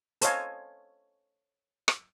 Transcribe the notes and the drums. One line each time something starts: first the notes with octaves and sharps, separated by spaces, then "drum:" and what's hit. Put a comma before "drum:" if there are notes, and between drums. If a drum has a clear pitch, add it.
A4 C5 C#5 D#5 F5 G#5, drum: hi-hat
drum: rim click